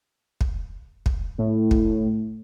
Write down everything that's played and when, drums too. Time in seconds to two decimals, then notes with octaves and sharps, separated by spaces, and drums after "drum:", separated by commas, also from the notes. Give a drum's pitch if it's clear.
0.41 drum: kick
1.06 drum: kick
1.38 A2
1.71 drum: kick